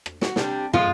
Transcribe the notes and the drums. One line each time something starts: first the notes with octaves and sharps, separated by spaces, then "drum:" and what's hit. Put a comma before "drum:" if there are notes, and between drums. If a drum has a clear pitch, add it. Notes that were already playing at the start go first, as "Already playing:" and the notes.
drum: rim click
F#4, drum: snare
C3 G3 D4, drum: snare
F3 G#3 F4, drum: tom